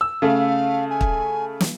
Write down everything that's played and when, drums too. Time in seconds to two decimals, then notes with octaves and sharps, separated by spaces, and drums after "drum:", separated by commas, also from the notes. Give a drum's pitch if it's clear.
0.01 E6
0.22 C#3 A3 F5
0.90 G#5
1.01 drum: kick
1.60 drum: snare